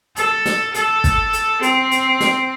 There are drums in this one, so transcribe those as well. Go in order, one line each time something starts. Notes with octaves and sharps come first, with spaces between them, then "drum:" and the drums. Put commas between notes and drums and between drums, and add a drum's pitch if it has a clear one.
A4, drum: hi-hat
drum: snare
A4, drum: hi-hat
drum: kick, hi-hat
drum: hi-hat
C4, drum: hi-hat
drum: hi-hat
drum: snare